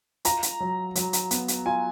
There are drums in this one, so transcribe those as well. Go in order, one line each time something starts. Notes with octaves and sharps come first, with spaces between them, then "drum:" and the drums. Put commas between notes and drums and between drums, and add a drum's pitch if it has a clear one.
F4 A#5, drum: hi-hat
drum: hi-hat
F#3
F#3, drum: hi-hat
drum: hi-hat
B3, drum: hi-hat
drum: hi-hat
F4 G#5